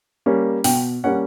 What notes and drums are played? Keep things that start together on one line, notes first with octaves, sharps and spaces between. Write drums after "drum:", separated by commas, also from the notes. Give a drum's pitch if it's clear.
G3 A#3 C#4
B2 G5, drum: open hi-hat
G3 A#3 C#4 F#5